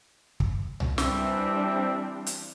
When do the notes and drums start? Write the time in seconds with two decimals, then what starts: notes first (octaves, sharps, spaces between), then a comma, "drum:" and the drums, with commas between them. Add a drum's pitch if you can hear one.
0.40 drum: kick
0.80 drum: tom C2
0.98 E3 G3 C4 D4 E5, drum: snare
2.26 drum: hi-hat